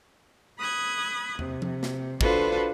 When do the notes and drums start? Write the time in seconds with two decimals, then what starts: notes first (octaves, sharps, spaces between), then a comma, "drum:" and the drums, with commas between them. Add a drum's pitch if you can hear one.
0.58 B5 D#6 F#6 G#6
1.39 C3, drum: tom
1.62 drum: tom F3
1.83 drum: snare
2.21 D4 F4 F#4 A4 B4 C5, drum: kick